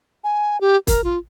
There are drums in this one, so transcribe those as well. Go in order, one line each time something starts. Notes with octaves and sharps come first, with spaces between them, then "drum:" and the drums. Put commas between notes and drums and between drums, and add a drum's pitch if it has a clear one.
G#5
G4
A#4, drum: kick, hi-hat
F4